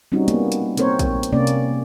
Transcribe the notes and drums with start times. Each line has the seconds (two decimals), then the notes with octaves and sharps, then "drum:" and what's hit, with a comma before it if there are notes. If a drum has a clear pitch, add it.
0.12 G3 C4 C#4 D#4 F#4
0.28 A#3 B3, drum: hi-hat
0.52 drum: hi-hat
0.77 A#3 C4 A#4 C5 C#5, drum: hi-hat
0.99 drum: kick A#1, hi-hat
1.23 drum: hi-hat
1.33 C3 A#3 C#4 D5
1.47 drum: hi-hat